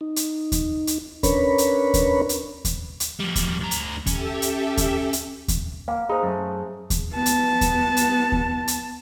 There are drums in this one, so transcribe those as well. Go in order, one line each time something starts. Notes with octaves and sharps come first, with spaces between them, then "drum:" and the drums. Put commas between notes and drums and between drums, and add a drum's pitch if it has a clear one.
D#4
drum: hi-hat
drum: kick D#2, hi-hat
drum: hi-hat
C#4 D4 A#4 B4 C#5 B5, drum: kick D#2, hi-hat
drum: hi-hat
drum: kick D#2, hi-hat
drum: hi-hat
drum: kick D#2, hi-hat
drum: hi-hat
F3 G3
drum: kick D#2, hi-hat
D2 A#5
drum: hi-hat
C#4 G4 A4 E5, drum: kick D#2, hi-hat
drum: hi-hat
drum: kick D#2, hi-hat
drum: hi-hat
drum: kick D#2, hi-hat
A#3 F5
D#4 G#4 C5
F#2 A3
drum: kick D#2, hi-hat
B3 A5
drum: hi-hat
drum: kick D#2, hi-hat
drum: hi-hat
drum: kick D#2
drum: hi-hat